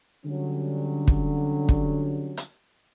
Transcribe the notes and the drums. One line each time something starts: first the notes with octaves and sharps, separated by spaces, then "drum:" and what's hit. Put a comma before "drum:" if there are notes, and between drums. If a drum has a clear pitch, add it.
D3 F#3 G3 C#4
drum: kick
drum: kick
drum: hi-hat